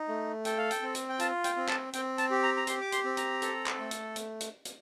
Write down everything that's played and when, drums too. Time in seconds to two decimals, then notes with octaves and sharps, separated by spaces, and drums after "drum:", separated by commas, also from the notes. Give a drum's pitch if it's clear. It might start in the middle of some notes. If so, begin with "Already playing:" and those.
Already playing: D#4
0.08 A3
0.45 A4 G5, drum: hi-hat
0.58 F5
0.71 G5, drum: hi-hat
0.82 C4
0.95 drum: hi-hat
1.09 G5
1.20 F4 A5, drum: hi-hat
1.44 G5, drum: hi-hat
1.56 C4
1.69 A5, drum: clap
1.93 C4 G5, drum: hi-hat
2.18 A5, drum: hi-hat
2.31 G4
2.43 A#5
2.57 A#5
2.67 G4 C6, drum: hi-hat
2.81 D6
2.92 C6, drum: hi-hat
3.04 C4
3.17 A#5, drum: hi-hat
3.42 A4, drum: hi-hat
3.66 drum: clap
3.78 A3
3.91 drum: hi-hat
4.16 drum: hi-hat
4.41 drum: hi-hat
4.65 drum: hi-hat